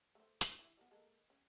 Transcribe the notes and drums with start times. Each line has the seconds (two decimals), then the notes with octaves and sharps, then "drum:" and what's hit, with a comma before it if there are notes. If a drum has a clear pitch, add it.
0.15 A3 C5
0.41 D4 G4, drum: hi-hat
0.59 E3
0.77 G3 G#3 B3
0.91 G#3 A#3 A4
1.30 C#4